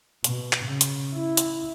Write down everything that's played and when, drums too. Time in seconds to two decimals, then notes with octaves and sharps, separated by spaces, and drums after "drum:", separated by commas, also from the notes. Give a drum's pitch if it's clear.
0.24 B2, drum: hi-hat
0.53 drum: clap
0.66 C#3
0.81 drum: hi-hat
1.14 E4
1.37 drum: hi-hat